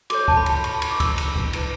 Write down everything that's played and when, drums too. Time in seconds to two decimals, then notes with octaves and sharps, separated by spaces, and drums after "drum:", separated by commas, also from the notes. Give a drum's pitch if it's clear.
0.10 F#4 A4 C#5 D6, drum: cymbal
0.28 A5, drum: kick C#2
0.37 B5
0.46 A5, drum: cymbal
0.55 B5
0.64 C#6, drum: cymbal
0.73 B5
0.82 C#6, drum: cymbal
0.91 D6
1.00 E6, drum: kick C#2, cymbal
1.08 D6
1.18 drum: cymbal
1.36 drum: kick C#2
1.53 E4 B4, drum: cymbal